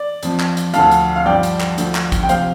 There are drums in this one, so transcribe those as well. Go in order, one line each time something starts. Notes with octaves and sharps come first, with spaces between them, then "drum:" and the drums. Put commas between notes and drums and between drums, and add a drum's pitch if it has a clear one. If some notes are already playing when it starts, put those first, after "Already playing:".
Already playing: D5
F2 F3, drum: hi-hat
drum: clap
drum: hi-hat
D2 D3 F3 F5 A5, drum: hi-hat
drum: hi-hat
F5
G2 F3 D5 G5
drum: hi-hat
drum: clap
D2 D3 F3, drum: hi-hat
drum: clap
drum: kick, hi-hat
G5
C3 F3 C5 F5, drum: hi-hat